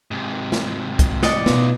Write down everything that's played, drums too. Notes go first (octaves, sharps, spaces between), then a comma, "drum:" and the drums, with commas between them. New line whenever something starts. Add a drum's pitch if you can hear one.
G#2 C3
drum: snare
drum: kick C2, hi-hat
D5 D#5 F#5, drum: snare
B2 B3 D#4 F4, drum: snare